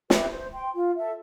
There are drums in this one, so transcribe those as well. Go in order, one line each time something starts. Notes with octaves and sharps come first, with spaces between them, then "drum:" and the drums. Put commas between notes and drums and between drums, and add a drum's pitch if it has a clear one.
G4 B4 E5, drum: snare
C5
G5 C6
F4
A4 E5